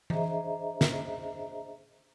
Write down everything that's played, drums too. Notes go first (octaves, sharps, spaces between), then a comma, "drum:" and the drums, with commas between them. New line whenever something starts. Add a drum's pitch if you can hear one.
D4 G#4 C5 D#5 E5 A#5, drum: tom E3
drum: snare